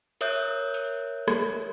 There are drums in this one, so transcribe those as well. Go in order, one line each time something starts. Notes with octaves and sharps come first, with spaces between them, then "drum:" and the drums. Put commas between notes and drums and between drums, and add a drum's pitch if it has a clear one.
A#4 C#5 E5 D#6 F#6 G6, drum: hi-hat
drum: hi-hat
drum: rim click